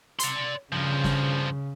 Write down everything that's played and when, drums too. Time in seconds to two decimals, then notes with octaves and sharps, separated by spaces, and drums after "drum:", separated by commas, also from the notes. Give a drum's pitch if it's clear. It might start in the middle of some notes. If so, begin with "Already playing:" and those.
0.19 D5 C6, drum: hi-hat
0.73 G2 C#3 F3
1.04 drum: snare